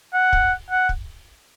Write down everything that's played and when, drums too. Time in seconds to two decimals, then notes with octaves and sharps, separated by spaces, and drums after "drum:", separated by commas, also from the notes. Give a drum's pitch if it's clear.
0.14 F#5
0.33 drum: kick
0.70 F#5
0.89 drum: kick